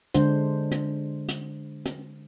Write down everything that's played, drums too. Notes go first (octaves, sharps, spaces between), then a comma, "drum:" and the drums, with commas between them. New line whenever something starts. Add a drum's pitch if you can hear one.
D3 G#3 D4 C5, drum: hi-hat
drum: hi-hat
drum: hi-hat
drum: hi-hat